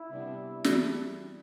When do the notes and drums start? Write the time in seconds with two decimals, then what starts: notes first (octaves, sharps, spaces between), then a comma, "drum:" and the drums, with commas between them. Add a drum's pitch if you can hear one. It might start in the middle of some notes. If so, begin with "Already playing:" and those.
Already playing: E4
0.10 C3 G3 B3 D4
0.64 E3 G3 D4, drum: snare